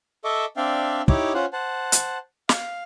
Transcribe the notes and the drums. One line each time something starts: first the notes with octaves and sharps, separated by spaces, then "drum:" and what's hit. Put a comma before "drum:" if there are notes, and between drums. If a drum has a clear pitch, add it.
A4 D#5 E5 C#6 D6
C4 D4 D5 E5 F5 G5
D#4 E4 G4 C#5 D6, drum: kick
C#4 F4 C5 F#5
C5 F#5 A5
drum: hi-hat
F5, drum: snare